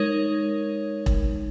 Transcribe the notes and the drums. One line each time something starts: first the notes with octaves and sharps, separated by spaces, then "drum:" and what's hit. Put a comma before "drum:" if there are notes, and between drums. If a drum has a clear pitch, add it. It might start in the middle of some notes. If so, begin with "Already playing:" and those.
Already playing: G#3 D#4 A#4 C#5
drum: kick E1